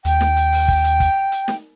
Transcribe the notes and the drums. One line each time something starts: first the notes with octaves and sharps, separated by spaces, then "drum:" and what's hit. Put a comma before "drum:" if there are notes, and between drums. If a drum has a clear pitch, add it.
D#2 G5, drum: hi-hat
drum: snare
drum: hi-hat
drum: open hi-hat
drum: kick
drum: hi-hat
drum: kick, hi-hat
drum: hi-hat
drum: snare